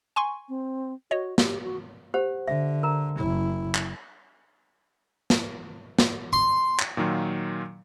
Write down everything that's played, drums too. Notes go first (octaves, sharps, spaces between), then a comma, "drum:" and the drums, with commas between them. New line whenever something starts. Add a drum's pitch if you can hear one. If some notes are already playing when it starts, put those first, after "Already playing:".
G#5 C6 C#6
C4
F#4 C#5 D#5
G4, drum: snare
F#4
G4 C5 F#5
D3 E5
A#4 A#5
F#1 E4
drum: clap
drum: snare
drum: snare
C6
drum: clap
A#2 D#3 F#3 F4